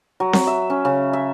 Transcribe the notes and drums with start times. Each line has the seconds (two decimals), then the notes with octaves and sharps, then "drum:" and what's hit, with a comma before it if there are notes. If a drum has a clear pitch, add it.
0.20 F#3
0.33 drum: snare C4
0.47 E5
0.70 C#4
0.85 C#3
1.13 E5